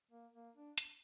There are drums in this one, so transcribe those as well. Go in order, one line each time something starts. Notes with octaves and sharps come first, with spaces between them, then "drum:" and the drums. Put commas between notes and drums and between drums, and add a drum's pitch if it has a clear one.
A#3
A#3
D4
drum: hi-hat